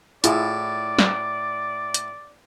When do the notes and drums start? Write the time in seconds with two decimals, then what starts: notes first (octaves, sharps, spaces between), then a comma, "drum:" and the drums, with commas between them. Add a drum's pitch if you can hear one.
0.24 A2 E4 F4 G#4 D5, drum: hi-hat
0.99 drum: snare
1.94 drum: hi-hat